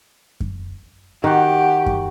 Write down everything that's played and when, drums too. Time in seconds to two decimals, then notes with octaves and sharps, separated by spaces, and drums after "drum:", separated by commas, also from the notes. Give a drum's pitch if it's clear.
0.40 drum: kick F#2
1.24 D#3 F#4 G4 F#5
1.86 drum: kick F#2